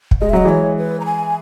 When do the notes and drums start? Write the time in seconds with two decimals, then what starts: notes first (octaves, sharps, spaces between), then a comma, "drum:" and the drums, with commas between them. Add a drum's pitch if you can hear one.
0.11 drum: kick
0.21 G#3 D#5
0.30 E5
0.33 F#3 D#5
0.45 E3 G#3 C#5
0.77 B4
1.00 A#5
1.06 G#5